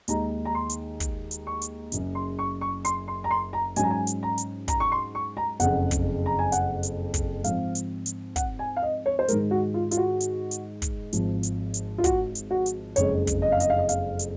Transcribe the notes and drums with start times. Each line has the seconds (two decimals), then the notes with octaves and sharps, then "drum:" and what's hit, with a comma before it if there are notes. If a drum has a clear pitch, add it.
0.08 D#2 D#3 G#3 D#4 A#5, drum: hi-hat
0.45 A#5
0.55 C6
0.70 drum: hi-hat
1.00 drum: kick, hi-hat
1.31 drum: hi-hat
1.47 C#6
1.62 drum: hi-hat
1.92 F#1 F#2 C#3, drum: hi-hat
2.15 C6
2.39 C#6
2.61 C#6
2.85 C6, drum: hi-hat
3.08 C6
3.24 A#5
3.31 C6
3.53 A#5
3.76 G#2 F#3 C#4 G#5, drum: hi-hat
3.83 A#5
3.91 G#5
4.07 drum: hi-hat
4.23 A#5
4.38 drum: hi-hat
4.68 A#5, drum: kick, hi-hat
4.80 C#6
4.92 C6
5.15 C#6
5.37 A#5
5.60 F#1 F2 C#3 F#5, drum: hi-hat
5.91 drum: kick, hi-hat
6.26 A#5
6.39 G#5
6.52 F#5, drum: hi-hat
6.83 drum: hi-hat
7.14 drum: kick, hi-hat
7.44 G#2 F3 C4 F5, drum: hi-hat
7.75 drum: hi-hat
8.06 drum: hi-hat
8.36 F#5, drum: kick, hi-hat
8.59 G#5
8.77 F5
8.83 D#5
9.06 C#5
9.19 C5
9.28 G#2 D#3 G#3 A#4, drum: hi-hat
9.51 F#4
9.74 F4
9.91 F4, drum: hi-hat
9.97 F#4
10.20 drum: hi-hat
10.51 drum: hi-hat
10.82 drum: kick, hi-hat
11.13 G#1 G#2 F3, drum: hi-hat
11.43 drum: hi-hat
11.74 drum: hi-hat
11.98 F4
12.04 F#4, drum: kick, hi-hat
12.35 drum: hi-hat
12.51 F#4
12.66 drum: hi-hat
12.96 F#1 F2 C#3 G#3 C4 C#5, drum: hi-hat
13.27 drum: kick, hi-hat
13.42 D#5
13.52 F5
13.60 D#5, drum: hi-hat
13.70 F5
13.78 D#5
13.89 F5, drum: hi-hat
14.19 drum: hi-hat